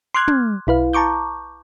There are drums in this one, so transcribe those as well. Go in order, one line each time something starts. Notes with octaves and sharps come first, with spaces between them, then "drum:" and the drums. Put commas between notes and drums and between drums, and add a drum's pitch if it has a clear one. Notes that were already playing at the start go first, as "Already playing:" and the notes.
C6 D6 F6 F#6 G#6
drum: tom
B1 E4 B4 F5
A5 A#5 C#6 D6 G6